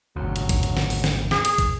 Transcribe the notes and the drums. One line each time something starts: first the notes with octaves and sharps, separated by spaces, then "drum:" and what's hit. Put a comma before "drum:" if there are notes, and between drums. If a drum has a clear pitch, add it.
G#1 D2 F#3
drum: hi-hat
drum: kick, hi-hat
drum: hi-hat
drum: snare
drum: open hi-hat
drum: snare
G#4, drum: snare
drum: hi-hat
drum: kick, hi-hat